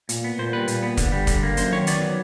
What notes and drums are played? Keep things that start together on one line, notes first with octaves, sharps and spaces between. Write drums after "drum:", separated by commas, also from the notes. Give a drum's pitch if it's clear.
A#2, drum: hi-hat
B3
A#2 C5
G3 B4
A#2, drum: hi-hat
B3
D3, drum: kick, hi-hat
G3
D3, drum: kick, hi-hat
A#3
F#2 C5, drum: hi-hat
D#3 C#5
B3 D5, drum: hi-hat
F#3